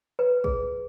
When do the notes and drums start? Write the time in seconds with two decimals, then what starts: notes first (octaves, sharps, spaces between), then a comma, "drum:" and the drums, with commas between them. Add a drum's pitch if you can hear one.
0.19 B4
0.44 G#4, drum: kick